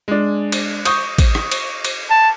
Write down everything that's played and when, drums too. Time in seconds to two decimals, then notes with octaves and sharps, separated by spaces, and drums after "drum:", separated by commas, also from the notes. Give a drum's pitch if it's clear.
0.08 G#3 D4
0.52 drum: cymbal
0.85 C#6 D#6 G6, drum: cymbal
1.18 drum: kick, cymbal
1.35 drum: rim click
1.51 drum: cymbal
1.85 drum: cymbal
2.10 A5